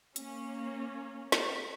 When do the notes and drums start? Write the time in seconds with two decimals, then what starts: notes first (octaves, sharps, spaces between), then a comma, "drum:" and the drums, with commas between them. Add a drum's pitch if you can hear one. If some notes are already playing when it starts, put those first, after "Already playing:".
0.16 A#3 C#4, drum: hi-hat
1.32 drum: snare